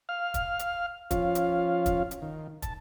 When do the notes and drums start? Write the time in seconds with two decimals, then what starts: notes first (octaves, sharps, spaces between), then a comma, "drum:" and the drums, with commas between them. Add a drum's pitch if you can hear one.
0.09 F5 F6
0.34 drum: kick, hi-hat
0.59 drum: hi-hat
1.11 F3 C#4 F4 F5, drum: kick, hi-hat
1.35 drum: hi-hat
1.86 drum: kick, hi-hat
2.11 drum: hi-hat
2.22 D#3
2.62 A5, drum: kick, hi-hat